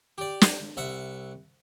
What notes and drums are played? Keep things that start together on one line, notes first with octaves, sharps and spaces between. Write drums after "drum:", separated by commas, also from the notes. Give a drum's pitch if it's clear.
G4 D5
drum: snare
C2 E5 F#5